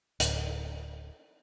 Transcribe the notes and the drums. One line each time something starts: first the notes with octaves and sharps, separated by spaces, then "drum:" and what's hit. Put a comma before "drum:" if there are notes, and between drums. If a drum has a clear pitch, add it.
D1, drum: hi-hat